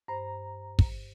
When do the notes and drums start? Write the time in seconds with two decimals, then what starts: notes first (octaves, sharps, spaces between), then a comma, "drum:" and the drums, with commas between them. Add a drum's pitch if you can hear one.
0.08 G2 C5 A#5
0.79 drum: kick